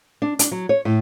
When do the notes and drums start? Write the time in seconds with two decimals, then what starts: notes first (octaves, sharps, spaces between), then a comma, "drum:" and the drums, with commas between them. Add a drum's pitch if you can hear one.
0.22 D4
0.39 D4, drum: hi-hat
0.52 F#3
0.69 C#5
0.85 A2